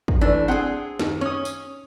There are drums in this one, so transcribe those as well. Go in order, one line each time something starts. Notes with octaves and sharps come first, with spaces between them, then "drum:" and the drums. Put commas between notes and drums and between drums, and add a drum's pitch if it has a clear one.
drum: kick
E3 A3 D4
C4 G#4 F#5
D#2, drum: snare
C#4 C#5 D#6
drum: tambourine